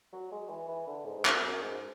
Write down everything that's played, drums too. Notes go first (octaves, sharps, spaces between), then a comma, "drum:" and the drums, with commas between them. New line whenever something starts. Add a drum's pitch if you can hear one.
F#3
G#3
E3
E3
D3
G#2
G#2
F#2, drum: clap
F#2
G#2